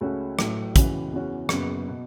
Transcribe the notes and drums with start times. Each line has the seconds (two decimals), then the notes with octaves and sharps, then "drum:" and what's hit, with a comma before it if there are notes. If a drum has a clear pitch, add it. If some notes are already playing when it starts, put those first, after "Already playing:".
0.01 C#2 C#3 A3 C#4 F#4
0.39 A1 A2 F#3 A3, drum: rim click
0.76 C#2 C#3 E3 C#4 F#4, drum: kick, hi-hat
1.13 E2 C#3 E3 C#4 F#4
1.49 F#1 F#2 C#3 F#3 B3, drum: rim click
1.88 B2